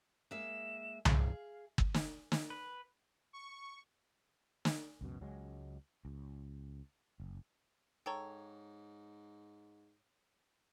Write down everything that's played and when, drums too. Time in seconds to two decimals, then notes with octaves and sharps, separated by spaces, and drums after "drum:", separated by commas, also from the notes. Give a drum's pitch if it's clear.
0.31 G#3 A#3 E5 E7
1.05 G#4 F5, drum: tom C2
1.78 drum: kick G1
1.94 drum: snare
2.32 drum: snare
2.50 B4
3.33 C#6
4.65 drum: snare
5.01 C#2 F#2 B2
5.21 C#2 F#3 G#3
6.05 C#2
7.20 F#1
8.06 G#2 A4 C#5 G5 A#5